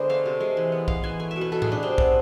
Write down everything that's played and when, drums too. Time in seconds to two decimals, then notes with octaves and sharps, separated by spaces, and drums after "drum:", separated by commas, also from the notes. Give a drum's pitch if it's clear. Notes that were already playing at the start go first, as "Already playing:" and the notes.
Already playing: D3 G#3 B3 C5 D5
0.09 A3 F5
0.26 C3
0.41 G#3
0.57 E3
0.72 B3
0.88 B3 F5, drum: kick
1.04 E3 G#5
1.20 A3 G#5
1.31 E5
1.36 B2
1.41 B4
1.52 B2 A4
1.62 G#4, drum: tom A2
1.67 B3 D4
1.83 C3 C4
1.98 B3, drum: kick